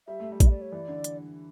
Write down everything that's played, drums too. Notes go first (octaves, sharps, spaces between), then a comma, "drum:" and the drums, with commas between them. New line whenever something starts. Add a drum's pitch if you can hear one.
G3 E5
A3
G3
D5, drum: kick A1, hi-hat
E5
D5
C#5
E3 D5
D3
drum: hi-hat